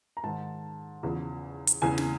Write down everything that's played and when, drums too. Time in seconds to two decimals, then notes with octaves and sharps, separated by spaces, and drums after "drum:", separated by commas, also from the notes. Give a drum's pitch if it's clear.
0.17 A#5
0.23 G#2 D#3 A5
1.03 E2 C#3 F3
1.67 drum: hi-hat
1.82 E2 C#3 E3 G#5
1.98 drum: snare